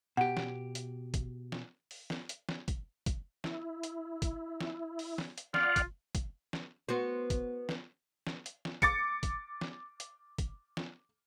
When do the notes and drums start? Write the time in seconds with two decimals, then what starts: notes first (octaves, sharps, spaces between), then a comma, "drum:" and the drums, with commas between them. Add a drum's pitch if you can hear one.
0.17 B2 G4 F#5
0.37 drum: snare
0.75 drum: hi-hat
1.14 drum: kick, hi-hat
1.52 drum: snare
1.91 drum: open hi-hat
2.10 drum: snare
2.29 drum: hi-hat
2.49 drum: snare
2.68 drum: kick, hi-hat
3.06 drum: kick, hi-hat
3.44 E4, drum: snare
3.83 drum: hi-hat
4.22 drum: kick, hi-hat
4.61 drum: snare
4.99 drum: open hi-hat
5.18 drum: snare
5.38 drum: hi-hat
5.54 F4 D5 F5 F#5, drum: snare
5.76 drum: kick, hi-hat
6.15 drum: kick, hi-hat
6.53 drum: snare
6.89 B3 F#4 C5
7.30 drum: kick, hi-hat
7.69 drum: snare
8.27 drum: snare
8.46 drum: hi-hat
8.65 drum: snare
8.82 D6 A6 C#7, drum: kick, hi-hat
9.23 drum: kick, hi-hat
9.61 drum: snare
10.00 drum: hi-hat
10.38 drum: kick, hi-hat
10.77 drum: snare